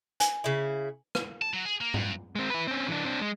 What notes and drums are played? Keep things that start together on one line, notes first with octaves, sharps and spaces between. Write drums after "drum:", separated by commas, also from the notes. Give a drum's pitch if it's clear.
G#5, drum: hi-hat
C#3 E4
drum: rim click
A5
F#3
G#4
A#3
G2, drum: tom G#2
G#3 C4
E4 B4
C4 C#4
E3 D4
C4 D4
G#3